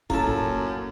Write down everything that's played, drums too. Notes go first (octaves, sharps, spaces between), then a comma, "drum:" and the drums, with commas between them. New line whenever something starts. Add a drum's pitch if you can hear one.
F#2 A2 A#3 E4 F4 A4, drum: kick F1